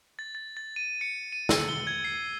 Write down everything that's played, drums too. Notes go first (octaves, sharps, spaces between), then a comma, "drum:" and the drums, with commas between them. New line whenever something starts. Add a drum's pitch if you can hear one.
A6
A6
A6
D#7
C#7
D#7
E6, drum: snare
G7
G#6
C7